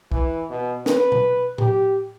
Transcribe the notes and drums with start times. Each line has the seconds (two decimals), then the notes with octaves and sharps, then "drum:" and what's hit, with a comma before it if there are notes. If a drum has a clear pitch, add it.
0.12 E3, drum: kick
0.50 B2
0.86 B4, drum: snare
1.12 drum: tom B2
1.58 G4, drum: tom A2